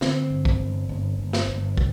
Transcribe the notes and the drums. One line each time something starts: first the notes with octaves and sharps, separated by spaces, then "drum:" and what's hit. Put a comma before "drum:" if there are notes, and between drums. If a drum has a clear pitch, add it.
D3 C4, drum: snare
G1
drum: kick
G1
G1
G1
drum: snare
G1
C3, drum: kick